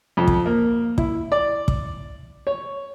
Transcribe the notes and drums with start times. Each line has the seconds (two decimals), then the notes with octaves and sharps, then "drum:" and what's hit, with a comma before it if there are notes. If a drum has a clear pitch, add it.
0.17 F2
0.28 drum: kick
0.46 A#3
0.98 E4, drum: kick
1.32 D5
1.68 drum: kick
2.47 C#5